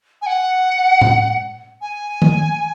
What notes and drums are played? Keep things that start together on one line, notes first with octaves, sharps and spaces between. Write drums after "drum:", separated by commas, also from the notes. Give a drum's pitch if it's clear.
G#5
F#5
drum: tom A2
G#5
drum: tom D#3